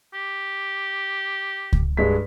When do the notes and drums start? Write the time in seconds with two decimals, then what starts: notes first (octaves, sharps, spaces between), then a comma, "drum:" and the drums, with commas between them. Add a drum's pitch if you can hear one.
0.14 G4
1.73 drum: kick C#2
1.97 G2 G#3 B6